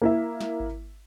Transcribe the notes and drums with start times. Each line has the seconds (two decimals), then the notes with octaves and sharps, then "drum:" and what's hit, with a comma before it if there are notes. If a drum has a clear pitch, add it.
0.02 A#3 E4 E5
0.41 drum: snare
0.60 drum: kick G#1